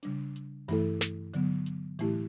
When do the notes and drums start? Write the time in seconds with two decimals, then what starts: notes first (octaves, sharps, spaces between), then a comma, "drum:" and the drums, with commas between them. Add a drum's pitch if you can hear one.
0.03 C#3 G3 D4, drum: hi-hat
0.36 drum: hi-hat
0.68 G2 E3 A3 E4 A4, drum: hi-hat
1.01 drum: snare
1.34 D3 F#3 B3, drum: hi-hat
1.66 drum: hi-hat
1.99 A2 E3 A3 E4 G4, drum: hi-hat